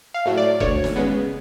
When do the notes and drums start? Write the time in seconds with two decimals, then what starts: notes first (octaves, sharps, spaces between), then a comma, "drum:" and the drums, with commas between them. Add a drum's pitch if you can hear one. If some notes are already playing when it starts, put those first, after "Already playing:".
0.14 F5
0.26 A2 F#3 A3
0.37 D5
0.60 D2 C#5, drum: kick F1
0.84 drum: snare
0.96 C#3 G#3 B3